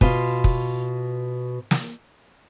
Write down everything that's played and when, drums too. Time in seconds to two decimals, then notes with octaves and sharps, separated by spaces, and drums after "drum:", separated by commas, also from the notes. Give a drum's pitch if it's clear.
0.01 B2 F4, drum: kick
0.44 drum: kick
1.71 drum: snare